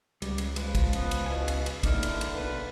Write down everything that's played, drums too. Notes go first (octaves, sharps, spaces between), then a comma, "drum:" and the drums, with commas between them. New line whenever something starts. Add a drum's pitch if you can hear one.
C#2 G3, drum: cymbal
drum: cymbal
F3 G#3 B4, drum: cymbal
drum: kick, cymbal
B3, drum: cymbal
drum: cymbal
B2 E4 G#5
drum: cymbal
drum: cymbal
D3 A#3 D#4 E4 A#4, drum: kick, cymbal
drum: cymbal
drum: cymbal
B1 B4